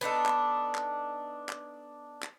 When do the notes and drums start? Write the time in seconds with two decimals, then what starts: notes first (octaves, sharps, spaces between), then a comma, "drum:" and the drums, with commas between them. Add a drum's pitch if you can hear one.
0.01 B3 D4 D#4 A4
0.26 drum: clap
0.75 drum: clap
1.49 drum: clap
2.23 drum: clap